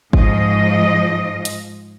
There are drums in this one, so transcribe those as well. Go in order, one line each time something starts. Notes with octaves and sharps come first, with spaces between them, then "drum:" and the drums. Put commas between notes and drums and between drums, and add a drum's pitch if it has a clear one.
G#2 F3 D#5, drum: kick G1
drum: hi-hat